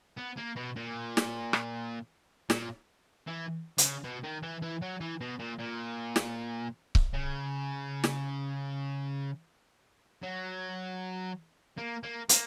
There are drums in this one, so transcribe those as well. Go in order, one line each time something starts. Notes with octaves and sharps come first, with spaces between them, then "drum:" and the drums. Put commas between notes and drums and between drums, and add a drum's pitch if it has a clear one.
B3
A#3
B2
A#2
drum: snare
drum: rim click
A#2, drum: snare
E3
C#3, drum: hi-hat
B2
D#3
E3
E3
F#3
E3
B2
A#2
A#2
drum: snare
drum: kick C#1
C#3
drum: snare
F#3
A#3
A#3
A#3, drum: hi-hat